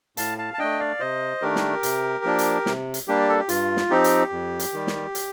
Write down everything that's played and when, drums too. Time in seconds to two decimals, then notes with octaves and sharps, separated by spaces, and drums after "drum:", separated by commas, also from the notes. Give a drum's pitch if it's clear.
0.17 A2 F5 A5, drum: hi-hat
0.38 F5 A5
0.54 A5
0.59 A3 D4 D#5 G5
0.80 D5 F5
1.00 C3 C5 D#5
1.42 D#3 A3 D4 G4 A#4
1.56 drum: snare
1.83 C3, drum: hi-hat
2.25 F3 A#3 D4
2.39 drum: hi-hat
2.66 C3, drum: snare
2.94 drum: hi-hat
3.08 G3 A#3 D4 G4
3.29 A4
3.39 G4
3.49 G2 F4, drum: hi-hat
3.77 drum: snare
3.90 F3 C4 D#4 G4
4.04 drum: hi-hat
4.32 F2
4.59 drum: hi-hat
4.73 D#3 G3
4.87 drum: snare
5.15 drum: hi-hat